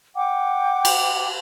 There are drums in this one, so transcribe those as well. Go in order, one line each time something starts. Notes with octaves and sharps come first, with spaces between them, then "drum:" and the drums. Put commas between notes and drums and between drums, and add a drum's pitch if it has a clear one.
F#5 G5 D6
drum: cymbal